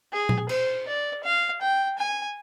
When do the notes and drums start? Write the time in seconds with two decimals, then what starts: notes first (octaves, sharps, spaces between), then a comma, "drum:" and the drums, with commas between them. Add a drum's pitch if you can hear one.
0.12 G#4
0.29 drum: tom A#2
0.49 C5, drum: cymbal
0.87 D5
1.23 F5
1.61 G5
1.98 G#5